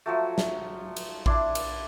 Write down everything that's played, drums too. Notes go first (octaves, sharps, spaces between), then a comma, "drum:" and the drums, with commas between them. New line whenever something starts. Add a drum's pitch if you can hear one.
F3 F#3 A3
drum: snare
drum: cymbal
D4 E4 D5 C6, drum: kick A1
drum: cymbal